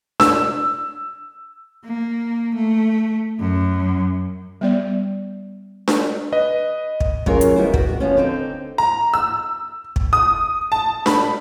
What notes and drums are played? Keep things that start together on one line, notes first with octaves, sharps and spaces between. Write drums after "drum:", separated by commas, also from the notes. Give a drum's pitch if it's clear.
E6, drum: snare D4
A#3
A3
F#2
G3 B3 D5
drum: snare D4
B4 D#5
drum: kick
F#3 C#4 F4 G#4 A#4, drum: kick
drum: hi-hat
D#3 G3 B3 E4
B3 F#4, drum: kick
D#2 F3 B3 C#4
D3 C4 D#4
A#5
E6
drum: kick
D#6
A5
B5, drum: snare D4